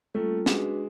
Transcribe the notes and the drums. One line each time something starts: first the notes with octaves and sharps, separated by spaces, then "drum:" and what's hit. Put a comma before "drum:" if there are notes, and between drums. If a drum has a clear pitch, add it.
G3 A3 A#3 C#4 F4 A4
G#3 D4 F#4 B4, drum: snare